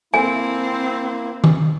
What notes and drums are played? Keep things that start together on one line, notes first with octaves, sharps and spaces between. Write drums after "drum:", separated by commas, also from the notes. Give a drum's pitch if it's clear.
A#3 C4 E4 G#5
drum: tom